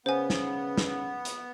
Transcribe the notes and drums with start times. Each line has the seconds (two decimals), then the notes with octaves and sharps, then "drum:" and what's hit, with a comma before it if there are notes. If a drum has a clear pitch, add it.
0.06 C#3 B3 C5 G#5
0.30 drum: snare
0.78 drum: snare
1.25 drum: hi-hat